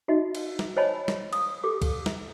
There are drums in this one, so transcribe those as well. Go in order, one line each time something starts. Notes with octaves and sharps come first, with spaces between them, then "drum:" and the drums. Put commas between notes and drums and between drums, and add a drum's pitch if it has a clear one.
D#4 F#4 D#5 E5
drum: cymbal
drum: snare
C5 C#5 D#5 G#5 A5 B5
drum: snare
D#6, drum: cymbal
G4 A4 D6
drum: kick C2, cymbal
drum: snare